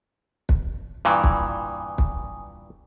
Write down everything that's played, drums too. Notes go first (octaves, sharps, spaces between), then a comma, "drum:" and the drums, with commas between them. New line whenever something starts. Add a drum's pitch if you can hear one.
drum: kick
G2 A#2 E3 G#5 C#6 D#6
drum: kick
drum: kick